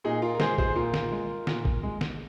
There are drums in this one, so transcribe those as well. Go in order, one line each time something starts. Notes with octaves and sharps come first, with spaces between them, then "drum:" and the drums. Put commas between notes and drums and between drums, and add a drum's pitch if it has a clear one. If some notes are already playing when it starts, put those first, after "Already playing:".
A#2 D#4 G#4
F4 A#4
A#4
G#3 G#4 C5, drum: snare
G#4 C5, drum: kick
A#2 F4 A#4
drum: snare
G#3
A#2, drum: snare
drum: kick
G#3
drum: snare